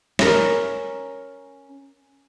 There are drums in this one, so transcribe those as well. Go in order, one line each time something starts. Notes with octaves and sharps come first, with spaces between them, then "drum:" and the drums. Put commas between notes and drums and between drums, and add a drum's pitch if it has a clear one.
C#4 A#4, drum: snare